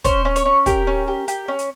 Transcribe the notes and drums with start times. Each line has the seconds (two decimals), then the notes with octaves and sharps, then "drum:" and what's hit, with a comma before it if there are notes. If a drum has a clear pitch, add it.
0.04 C#4 C5, drum: kick, hi-hat
0.25 C#4
0.36 C#5, drum: hi-hat
0.45 C#4
0.66 G4 A#4, drum: kick, hi-hat
0.87 C#4
1.08 G4
1.28 G4, drum: hi-hat
1.48 C#4
1.59 drum: hi-hat